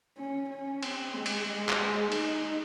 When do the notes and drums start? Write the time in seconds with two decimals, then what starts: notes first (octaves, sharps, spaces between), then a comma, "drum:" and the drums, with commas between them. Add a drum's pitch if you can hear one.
0.18 C#4
0.50 C#4
0.83 C4, drum: cymbal
1.15 G#3
1.26 drum: cymbal
1.48 G#3
1.69 drum: clap
1.79 G#3
2.12 D#4, drum: cymbal